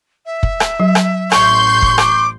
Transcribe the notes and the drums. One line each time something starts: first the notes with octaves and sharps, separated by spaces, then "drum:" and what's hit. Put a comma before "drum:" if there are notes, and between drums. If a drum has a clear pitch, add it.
E5
drum: kick
drum: rim click
F#3
drum: rim click
A1 C6 C#6 G6, drum: rim click
drum: kick
D6, drum: rim click